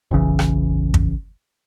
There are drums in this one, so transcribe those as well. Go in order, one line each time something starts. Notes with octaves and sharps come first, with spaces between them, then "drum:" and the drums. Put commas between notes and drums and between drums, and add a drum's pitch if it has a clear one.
F1 A#1 C#3 E3
drum: rim click
drum: kick